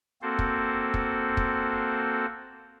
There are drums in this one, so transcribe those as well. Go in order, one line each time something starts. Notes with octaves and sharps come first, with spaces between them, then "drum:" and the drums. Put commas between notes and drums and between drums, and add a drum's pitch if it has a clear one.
A#3 C4 F#4 A4 C5
drum: kick
drum: kick
drum: kick